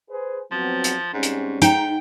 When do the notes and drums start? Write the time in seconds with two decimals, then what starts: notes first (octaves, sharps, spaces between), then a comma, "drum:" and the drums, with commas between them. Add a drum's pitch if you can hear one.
0.10 G#4 B4 C5
0.52 F3 F#3 B3 C4
0.84 drum: hi-hat
1.13 G#2 G3 C4 C#4
1.23 drum: hi-hat
1.62 G#2 D#4 G5, drum: hi-hat